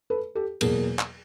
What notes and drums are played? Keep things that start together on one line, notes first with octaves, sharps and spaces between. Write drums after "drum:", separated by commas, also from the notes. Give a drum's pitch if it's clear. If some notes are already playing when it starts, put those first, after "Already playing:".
A4 B4
G4 A4
E2 B2 F#3 A#3 G#4 A#4, drum: cymbal
drum: clap